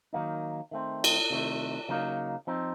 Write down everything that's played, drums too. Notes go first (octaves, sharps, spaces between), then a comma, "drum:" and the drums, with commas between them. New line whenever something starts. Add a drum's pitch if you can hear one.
D#3 F#3 A#3 D#4
D#3 A3 C4
drum: cymbal
C3 D#3 A3
C#3 F#3 A#3 D#4
F3 C4 D#4